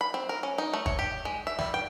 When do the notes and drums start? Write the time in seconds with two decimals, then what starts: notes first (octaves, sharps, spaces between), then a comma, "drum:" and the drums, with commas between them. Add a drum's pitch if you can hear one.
0.01 B5
0.14 C4
0.29 A#4
0.43 C#4
0.58 D#4
0.73 A3
0.86 C#5, drum: kick
0.99 G4
1.25 G#3
1.47 E5
1.59 G3, drum: snare
1.74 G5